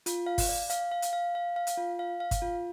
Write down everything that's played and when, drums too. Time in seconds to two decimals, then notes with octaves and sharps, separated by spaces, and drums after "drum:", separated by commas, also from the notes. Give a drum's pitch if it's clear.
0.06 F4, drum: hi-hat
0.26 F5
0.38 drum: kick G1, open hi-hat
0.49 D5
0.70 F5, drum: hi-hat
0.92 F5
1.02 drum: hi-hat
1.13 F5
1.35 F5
1.56 F5
1.67 drum: hi-hat
1.78 F4
1.99 F5
2.20 F5
2.31 drum: kick G1, hi-hat
2.42 F4